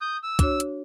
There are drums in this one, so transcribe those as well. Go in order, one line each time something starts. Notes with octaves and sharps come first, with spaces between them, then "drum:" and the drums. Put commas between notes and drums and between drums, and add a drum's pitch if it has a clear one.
D#6 G6
E6
D4 F#4 C#5, drum: kick, hi-hat
drum: hi-hat